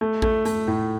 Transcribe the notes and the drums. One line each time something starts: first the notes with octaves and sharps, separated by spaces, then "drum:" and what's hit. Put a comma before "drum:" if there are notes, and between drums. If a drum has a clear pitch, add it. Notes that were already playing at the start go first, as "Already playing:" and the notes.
A3
A3, drum: kick
A3, drum: hi-hat
A2